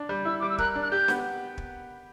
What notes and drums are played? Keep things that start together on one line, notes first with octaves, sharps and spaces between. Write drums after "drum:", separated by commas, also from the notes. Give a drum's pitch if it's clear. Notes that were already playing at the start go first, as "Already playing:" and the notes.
Already playing: D4
G3
E4 E6
G3 D6
E6
A#4 F#6, drum: kick
D4
F#6
G4 G6
B3, drum: snare
drum: kick